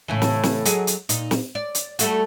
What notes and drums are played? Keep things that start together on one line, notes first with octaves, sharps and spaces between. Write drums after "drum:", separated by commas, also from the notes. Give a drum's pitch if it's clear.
A2 C#3 E3
drum: snare
drum: snare
F#3 G#4 D#5, drum: hi-hat
drum: hi-hat
A#2 D#4, drum: hi-hat
drum: snare
D5
drum: hi-hat
G3 A3 F#4, drum: hi-hat